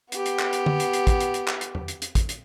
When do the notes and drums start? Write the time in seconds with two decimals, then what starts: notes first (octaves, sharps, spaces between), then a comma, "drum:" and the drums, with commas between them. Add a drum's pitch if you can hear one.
0.12 B3 G4, drum: hi-hat
0.26 drum: hi-hat
0.39 drum: clap
0.53 drum: hi-hat
0.66 drum: tom D3
0.80 drum: hi-hat
0.93 drum: hi-hat
1.07 drum: kick, hi-hat
1.21 drum: hi-hat
1.34 drum: hi-hat
1.48 drum: clap
1.61 drum: hi-hat
1.75 drum: tom E2
1.88 drum: hi-hat
2.02 drum: hi-hat
2.15 drum: kick, hi-hat
2.29 drum: hi-hat